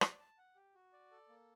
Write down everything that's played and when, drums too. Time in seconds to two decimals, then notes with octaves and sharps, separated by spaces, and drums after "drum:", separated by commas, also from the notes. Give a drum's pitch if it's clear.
0.01 D5, drum: rim click
0.19 A5
0.38 F#5
0.55 G4
0.74 F#4
0.93 D5
1.11 A4
1.29 A#3